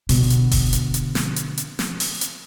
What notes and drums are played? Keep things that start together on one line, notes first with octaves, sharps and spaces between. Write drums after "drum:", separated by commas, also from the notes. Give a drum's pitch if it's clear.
B2 D3, drum: open hi-hat
drum: hi-hat
drum: kick F1, open hi-hat
drum: hi-hat
drum: hi-hat
drum: snare
drum: hi-hat
drum: hi-hat
drum: snare
drum: open hi-hat
drum: hi-hat